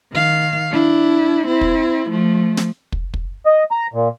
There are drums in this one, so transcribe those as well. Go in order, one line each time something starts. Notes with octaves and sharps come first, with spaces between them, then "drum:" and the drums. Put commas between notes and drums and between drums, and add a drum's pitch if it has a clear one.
D#3 F5
D4 E4
C4 E4
drum: kick
F3 A3
drum: snare
drum: kick
drum: kick
D#5
A#5
A#2